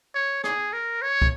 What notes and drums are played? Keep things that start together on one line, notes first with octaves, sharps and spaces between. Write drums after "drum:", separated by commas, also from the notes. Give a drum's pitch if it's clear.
C#5
G#4, drum: rim click
A#4
C#5
drum: kick